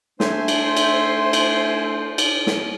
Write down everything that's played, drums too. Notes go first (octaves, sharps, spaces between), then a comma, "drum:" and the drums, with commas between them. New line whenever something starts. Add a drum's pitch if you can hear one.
A3 D4 C5 E5 G#5 C6, drum: snare
drum: cymbal
drum: cymbal
drum: cymbal
drum: cymbal
drum: snare